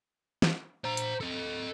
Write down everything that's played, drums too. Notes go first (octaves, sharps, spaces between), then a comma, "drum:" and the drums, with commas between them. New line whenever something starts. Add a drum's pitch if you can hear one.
drum: snare
C5 A#5
drum: hi-hat
A4 D#5